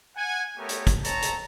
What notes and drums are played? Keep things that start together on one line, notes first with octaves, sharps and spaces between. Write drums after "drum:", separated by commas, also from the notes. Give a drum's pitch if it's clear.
F#5 G#5
A3 B3 G4 A#4 C#5
drum: hi-hat
drum: kick, hi-hat
C4 C#5 A5 A#5, drum: hi-hat
drum: hi-hat